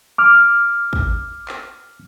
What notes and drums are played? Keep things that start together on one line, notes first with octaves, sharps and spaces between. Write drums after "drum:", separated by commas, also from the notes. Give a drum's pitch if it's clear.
D6 F6
drum: kick
drum: clap